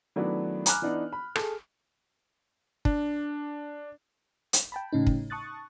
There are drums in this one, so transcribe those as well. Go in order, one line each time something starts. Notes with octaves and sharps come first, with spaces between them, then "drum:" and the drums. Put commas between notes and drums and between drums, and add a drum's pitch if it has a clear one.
D#3 F#3 A3 B3 D4 E4
G#5 A#5 B5 D6 F6 F#6, drum: hi-hat
E3 B3 D4 D#4
B5
G#4 A4, drum: rim click
D4, drum: kick
drum: hi-hat
G5 A5 B5
A2 C#3 C#4 D#4
drum: kick
A5 C#6 D#6 F#6 A6